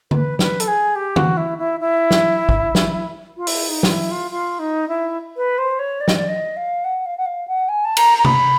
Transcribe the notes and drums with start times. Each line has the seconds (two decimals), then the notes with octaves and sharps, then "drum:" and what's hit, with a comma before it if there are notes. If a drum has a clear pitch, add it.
0.11 B4, drum: tom D3
0.39 B4, drum: snare
0.60 A4, drum: hi-hat
0.67 G#4
0.95 G4
1.16 F#4, drum: tom
1.37 E4
1.58 E4
1.79 E4
2.11 drum: snare
2.49 drum: kick
2.75 drum: snare
3.36 F4
3.47 E4, drum: open hi-hat
3.68 D#4
3.83 F4, drum: snare
3.90 E4
4.11 F4
4.31 F4
4.59 D#4
4.88 E4
5.37 B4
5.58 C5
5.79 C#5
6.00 D5
6.08 D#5, drum: snare
6.16 D5
6.28 D#5
6.56 F5
6.84 F#5
7.05 F5
7.17 F#5
7.25 F5
7.47 F#5
7.68 G#5
7.84 A5
7.97 A#5, drum: cymbal
8.17 A#5
8.25 B5, drum: tom C3